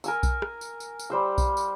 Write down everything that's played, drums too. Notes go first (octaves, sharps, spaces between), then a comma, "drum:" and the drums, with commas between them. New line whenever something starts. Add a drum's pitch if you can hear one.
A#4 G#5 E6, drum: tambourine
drum: kick B1, tambourine
drum: rim click
drum: tambourine
drum: tambourine
drum: tambourine
G3 C5 E6
drum: kick B1, tambourine
drum: tambourine